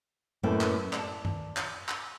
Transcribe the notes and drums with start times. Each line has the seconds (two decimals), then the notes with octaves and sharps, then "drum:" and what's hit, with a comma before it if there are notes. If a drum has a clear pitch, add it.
0.43 F#2 A2 A#3 A4 B4 G5
0.61 drum: clap
0.93 D5 A5, drum: clap
1.25 drum: tom G2
1.57 drum: clap
1.89 drum: clap